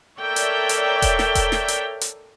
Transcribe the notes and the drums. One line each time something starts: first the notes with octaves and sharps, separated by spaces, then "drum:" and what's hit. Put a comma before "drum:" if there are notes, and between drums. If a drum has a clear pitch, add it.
A4 A#4 C#5 D5 E5 G5
drum: hi-hat
drum: hi-hat
drum: kick E1, hi-hat
drum: snare
drum: kick E1, hi-hat
drum: snare
drum: hi-hat
drum: hi-hat